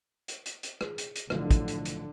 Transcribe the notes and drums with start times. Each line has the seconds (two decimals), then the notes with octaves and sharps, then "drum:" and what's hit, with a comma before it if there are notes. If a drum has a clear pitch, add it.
0.28 drum: hi-hat
0.46 drum: hi-hat
0.63 drum: hi-hat
0.81 G#4, drum: rim click
0.98 drum: hi-hat
1.16 drum: hi-hat
1.30 B1 A2 D3 F3, drum: rim click
1.51 drum: kick, hi-hat
1.68 drum: hi-hat
1.85 drum: hi-hat